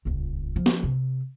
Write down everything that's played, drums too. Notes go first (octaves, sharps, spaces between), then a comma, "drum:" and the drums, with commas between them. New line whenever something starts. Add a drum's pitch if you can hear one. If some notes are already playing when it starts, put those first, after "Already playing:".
D#1 C#2
F3
drum: snare
C3